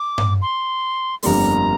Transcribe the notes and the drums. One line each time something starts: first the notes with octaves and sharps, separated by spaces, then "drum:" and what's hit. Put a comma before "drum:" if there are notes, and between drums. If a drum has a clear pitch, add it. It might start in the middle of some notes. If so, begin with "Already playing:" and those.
Already playing: D6
drum: tom G2
C6
G1 F2 D3 G3 A#3 A#5 C6, drum: open hi-hat